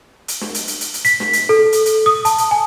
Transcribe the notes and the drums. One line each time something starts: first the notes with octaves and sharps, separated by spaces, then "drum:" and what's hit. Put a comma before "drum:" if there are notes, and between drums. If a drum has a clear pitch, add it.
drum: hi-hat
drum: snare
drum: hi-hat
drum: hi-hat
drum: hi-hat
drum: hi-hat
B6, drum: hi-hat
drum: snare
drum: hi-hat
A4
drum: hi-hat
drum: hi-hat
D#6
A5, drum: hi-hat
drum: hi-hat
G#5